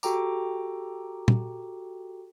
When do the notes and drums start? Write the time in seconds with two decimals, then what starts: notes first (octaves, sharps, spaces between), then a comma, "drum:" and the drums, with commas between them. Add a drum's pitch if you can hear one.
0.03 F#4 G4 A4 G5 A#5 D6, drum: tambourine
1.28 drum: tom